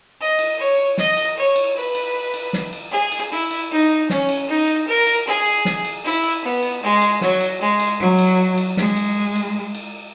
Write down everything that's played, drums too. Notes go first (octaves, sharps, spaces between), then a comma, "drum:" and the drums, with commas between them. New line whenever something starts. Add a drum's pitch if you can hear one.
D#5
drum: cymbal
C#5
D#5, drum: snare
drum: cymbal
C#5
drum: cymbal
B4
drum: cymbal
drum: cymbal
drum: snare
drum: cymbal
G#4
drum: cymbal
E4
drum: cymbal
D#4
C#4, drum: snare
drum: cymbal
D#4
drum: cymbal
A#4
drum: cymbal
G#4
drum: cymbal
drum: snare
drum: cymbal
E4
drum: cymbal
B3
drum: cymbal
G#3
drum: cymbal
F#3, drum: snare
drum: cymbal
G#3
drum: cymbal
F#3
drum: cymbal
drum: cymbal
G#3, drum: snare
drum: cymbal
drum: cymbal
drum: cymbal